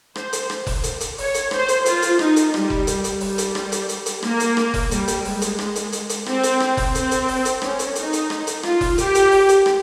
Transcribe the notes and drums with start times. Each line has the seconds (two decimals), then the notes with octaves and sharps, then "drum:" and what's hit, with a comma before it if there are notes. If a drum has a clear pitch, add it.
0.15 C5, drum: rim click
0.33 drum: hi-hat
0.50 drum: rim click
0.67 drum: kick F1, open hi-hat
0.84 drum: hi-hat
1.01 drum: hi-hat
1.18 C#5, drum: open hi-hat
1.34 drum: hi-hat
1.51 C5, drum: rim click
1.68 drum: hi-hat
1.86 F4, drum: hi-hat
2.02 drum: hi-hat
2.19 D#4, drum: rim click
2.36 drum: hi-hat
2.54 G3, drum: rim click
2.70 drum: kick F1
2.87 drum: hi-hat
3.04 drum: hi-hat
3.20 G3, drum: open hi-hat
3.38 drum: hi-hat
3.55 drum: rim click
3.72 drum: hi-hat
3.89 drum: hi-hat
4.06 drum: hi-hat
4.22 A#3, drum: rim click
4.40 drum: hi-hat
4.57 drum: rim click
4.74 drum: kick F1, open hi-hat
4.91 G3, drum: hi-hat
5.08 drum: hi-hat
5.25 G#3, drum: open hi-hat
5.42 drum: hi-hat
5.59 drum: rim click
5.75 drum: hi-hat
5.92 drum: hi-hat
6.09 drum: hi-hat
6.26 C4, drum: rim click
6.43 drum: hi-hat
6.60 drum: rim click
6.77 drum: kick F1, open hi-hat
6.95 C4, drum: hi-hat
7.11 drum: hi-hat
7.28 drum: open hi-hat
7.45 drum: hi-hat
7.62 C#4, drum: rim click
7.79 drum: hi-hat
7.95 D#4, drum: hi-hat
8.13 drum: hi-hat
8.30 drum: rim click
8.47 drum: hi-hat
8.63 F4, drum: rim click
8.81 drum: kick F1, open hi-hat
8.98 G4, drum: hi-hat
9.15 drum: hi-hat
9.32 drum: open hi-hat
9.49 drum: hi-hat
9.66 drum: rim click